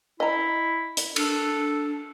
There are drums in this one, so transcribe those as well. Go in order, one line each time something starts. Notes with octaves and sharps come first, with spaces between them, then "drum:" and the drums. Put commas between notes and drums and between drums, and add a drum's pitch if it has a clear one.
E4 D#5 A#5
drum: hi-hat
D4 A4, drum: cymbal